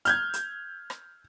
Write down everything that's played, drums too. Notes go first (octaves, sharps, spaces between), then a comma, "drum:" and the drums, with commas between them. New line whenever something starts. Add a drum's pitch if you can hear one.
F6 G6 G#6, drum: hi-hat
drum: hi-hat
drum: rim click